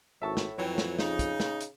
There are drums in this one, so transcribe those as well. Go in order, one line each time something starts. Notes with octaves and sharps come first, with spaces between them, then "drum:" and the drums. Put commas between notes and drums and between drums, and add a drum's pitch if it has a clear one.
G#1 A2 E5 A5 C#6
drum: snare
F2 E3 F#3 C#5 G5
drum: snare
C#3 D#4, drum: snare
drum: kick, hi-hat
drum: snare
drum: hi-hat